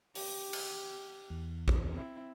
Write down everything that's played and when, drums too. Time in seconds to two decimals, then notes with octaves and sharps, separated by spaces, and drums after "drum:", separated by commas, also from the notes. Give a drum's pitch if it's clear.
0.15 G4, drum: open hi-hat
0.53 drum: cymbal
1.30 E2
1.68 drum: kick A1
1.93 C4 E4